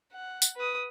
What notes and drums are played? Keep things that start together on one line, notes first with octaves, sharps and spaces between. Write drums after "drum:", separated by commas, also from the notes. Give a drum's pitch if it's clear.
F#5
drum: tambourine
B4 D#6